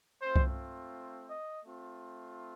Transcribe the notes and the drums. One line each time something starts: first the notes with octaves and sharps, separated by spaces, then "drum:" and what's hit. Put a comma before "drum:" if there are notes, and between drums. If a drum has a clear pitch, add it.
A3 C4 F4 C5
drum: kick C2
D#5
A3 C4 F4